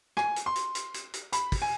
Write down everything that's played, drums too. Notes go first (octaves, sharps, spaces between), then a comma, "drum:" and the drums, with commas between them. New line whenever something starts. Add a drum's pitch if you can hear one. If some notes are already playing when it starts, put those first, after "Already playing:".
G#5, drum: rim click
drum: hi-hat
C6
drum: hi-hat
drum: hi-hat
drum: hi-hat
drum: hi-hat
B5, drum: hi-hat
drum: kick, open hi-hat
G#5